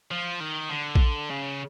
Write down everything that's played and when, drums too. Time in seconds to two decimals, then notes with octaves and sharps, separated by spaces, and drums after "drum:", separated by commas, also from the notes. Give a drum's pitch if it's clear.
0.11 F3
0.40 D#3
0.70 D3
0.95 drum: kick A#1
1.30 C#3